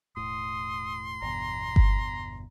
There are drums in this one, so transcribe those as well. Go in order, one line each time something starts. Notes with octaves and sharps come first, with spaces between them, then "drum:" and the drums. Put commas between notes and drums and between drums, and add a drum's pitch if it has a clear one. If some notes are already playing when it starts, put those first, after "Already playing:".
E1 A2 C6 D#6
G1 E2 B2 A#5
drum: kick G1